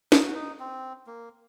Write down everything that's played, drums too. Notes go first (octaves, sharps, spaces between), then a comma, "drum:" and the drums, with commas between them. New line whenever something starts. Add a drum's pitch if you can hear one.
D#4, drum: snare
F#4
D#4
C4
A#3